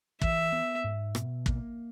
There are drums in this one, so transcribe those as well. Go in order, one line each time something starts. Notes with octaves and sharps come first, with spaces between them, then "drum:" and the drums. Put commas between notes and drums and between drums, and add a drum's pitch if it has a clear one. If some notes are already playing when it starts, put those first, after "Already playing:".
E3 E5, drum: kick
B3
G#2
B2, drum: rim click
A#3, drum: kick